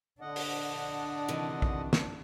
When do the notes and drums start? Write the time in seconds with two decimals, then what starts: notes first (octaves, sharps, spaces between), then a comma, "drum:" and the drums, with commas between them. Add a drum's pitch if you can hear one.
0.21 D3 D4 D#5 F#5
0.36 drum: open hi-hat
1.28 C3 D#3 E3
1.62 drum: kick A#1
1.93 drum: snare